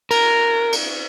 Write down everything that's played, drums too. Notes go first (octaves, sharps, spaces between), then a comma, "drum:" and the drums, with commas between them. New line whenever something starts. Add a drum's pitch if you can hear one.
A#4, drum: cymbal
drum: cymbal